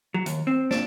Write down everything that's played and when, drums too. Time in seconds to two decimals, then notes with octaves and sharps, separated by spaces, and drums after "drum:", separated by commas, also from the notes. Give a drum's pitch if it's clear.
0.14 F#3
0.26 D#2, drum: hi-hat
0.47 C4
0.71 D4, drum: snare